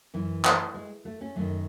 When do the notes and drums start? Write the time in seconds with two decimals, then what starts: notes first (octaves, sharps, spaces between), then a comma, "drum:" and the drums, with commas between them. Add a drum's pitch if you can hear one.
0.14 F#2 E3
0.45 A3, drum: clap
0.74 G#3
1.05 A3
1.21 A3 C#4
1.36 F#2 D#3 A3